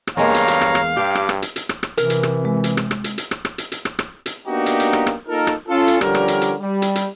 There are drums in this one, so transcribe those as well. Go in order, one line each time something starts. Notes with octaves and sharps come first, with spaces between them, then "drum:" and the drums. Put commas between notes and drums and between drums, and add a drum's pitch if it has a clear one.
drum: rim click
E2 G2 G#3 A#3 C#5 F5 A#5
drum: hi-hat
drum: hi-hat
drum: rim click
drum: rim click
G2 G4 D6
drum: rim click
drum: rim click
drum: hi-hat
drum: hi-hat
drum: rim click
drum: rim click
C3 E3 A#4, drum: hi-hat
drum: hi-hat
drum: rim click
G#3
drum: hi-hat
drum: rim click
drum: rim click
drum: hi-hat
drum: hi-hat
drum: rim click
drum: rim click
drum: hi-hat
drum: hi-hat
drum: rim click
drum: rim click
drum: hi-hat
A#3 B3 D4 D#4 F#4 G4
drum: hi-hat
drum: hi-hat
drum: rim click
drum: rim click
A#3 D#4 F4 A4 A#4
drum: rim click
C#4 F4 A4
drum: hi-hat
D3 F3 G3 C#4 G4 A#4, drum: rim click
drum: rim click
drum: hi-hat
drum: hi-hat
G3
drum: hi-hat
drum: hi-hat